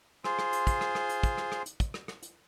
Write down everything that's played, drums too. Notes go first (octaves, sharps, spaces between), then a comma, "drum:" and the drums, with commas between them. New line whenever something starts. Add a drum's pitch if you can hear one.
F4 G#4 C5, drum: rim click
drum: rim click
drum: hi-hat
drum: kick, hi-hat
drum: rim click
drum: rim click
drum: hi-hat
drum: kick, hi-hat
drum: rim click
drum: rim click
drum: hi-hat
drum: kick, hi-hat
drum: rim click
drum: rim click
drum: hi-hat